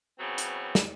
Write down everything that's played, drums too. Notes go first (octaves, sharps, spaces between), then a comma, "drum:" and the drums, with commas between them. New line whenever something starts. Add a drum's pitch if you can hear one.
C#3 E3 F#3 B3 C4
drum: hi-hat
drum: snare